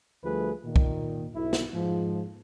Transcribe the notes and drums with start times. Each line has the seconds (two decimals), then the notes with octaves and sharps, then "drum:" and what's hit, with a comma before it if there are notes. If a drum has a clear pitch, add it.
0.24 D2 F3 G3 A3 G#4 B4
0.65 A#2 D#3
0.76 drum: kick
1.35 B1 E4
1.53 drum: snare
1.74 G#2 F3